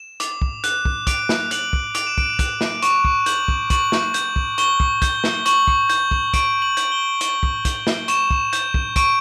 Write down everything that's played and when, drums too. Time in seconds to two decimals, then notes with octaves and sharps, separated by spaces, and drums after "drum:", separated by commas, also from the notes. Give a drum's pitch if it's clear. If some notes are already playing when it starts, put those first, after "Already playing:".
Already playing: E7
0.20 D6, drum: hi-hat
0.42 drum: kick
0.64 F#6, drum: hi-hat
0.85 drum: kick
1.07 D6 D7, drum: kick, hi-hat
1.29 drum: snare
1.51 F#6 F#7, drum: hi-hat
1.73 drum: kick
1.95 D6 D7, drum: hi-hat
2.07 E7
2.18 D7, drum: kick
2.39 F#6, drum: kick, hi-hat
2.61 drum: snare
2.82 C#6 E7, drum: hi-hat
3.05 drum: kick
3.26 G6 F#7, drum: hi-hat
3.48 drum: kick
3.70 C#6 F#7, drum: kick, hi-hat
3.92 drum: snare
4.14 G6, drum: hi-hat
4.36 drum: kick
4.58 C#6 G7, drum: hi-hat
4.80 drum: kick
5.02 G6, drum: kick, hi-hat
5.24 drum: snare
5.46 C#6 F#7, drum: hi-hat
5.68 drum: kick
5.89 G6, drum: hi-hat
6.11 drum: kick
6.34 C#6 D7, drum: kick, hi-hat
6.62 F#7
6.77 G6, drum: hi-hat
6.92 G7
7.21 C#6 G7, drum: hi-hat
7.43 drum: kick
7.65 G6, drum: kick, hi-hat
7.87 drum: snare
8.08 C#6 E7, drum: hi-hat
8.31 drum: kick
8.53 G6, drum: hi-hat
8.74 drum: kick
8.96 C#6 D7, drum: kick, hi-hat